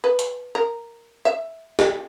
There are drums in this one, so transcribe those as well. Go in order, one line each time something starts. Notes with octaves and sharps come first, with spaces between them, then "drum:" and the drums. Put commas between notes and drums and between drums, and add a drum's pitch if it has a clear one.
B4
drum: hi-hat
A#4
E5
drum: snare